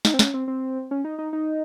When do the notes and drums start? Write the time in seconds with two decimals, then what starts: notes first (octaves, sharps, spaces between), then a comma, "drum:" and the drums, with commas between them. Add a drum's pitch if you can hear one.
0.05 D#4, drum: snare
0.14 C4
0.19 C#4, drum: snare
0.34 C4
0.48 C4
0.91 C#4
1.05 D#4
1.19 D#4
1.33 D#4